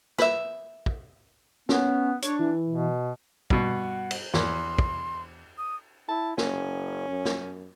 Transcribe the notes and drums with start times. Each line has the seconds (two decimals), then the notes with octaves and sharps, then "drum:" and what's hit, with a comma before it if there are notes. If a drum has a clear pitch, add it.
0.18 B4 E5, drum: snare
0.86 drum: kick
1.69 B3 C#4, drum: snare
2.22 D4 C#5, drum: hi-hat
2.39 E3
2.69 B2
3.50 G2 B2 F#5, drum: kick
4.11 drum: cymbal
4.34 E2 C6, drum: snare
4.78 drum: kick
5.58 D#6
6.09 E4 A5
6.38 F#1 C#4, drum: snare
7.09 F#2
7.25 drum: snare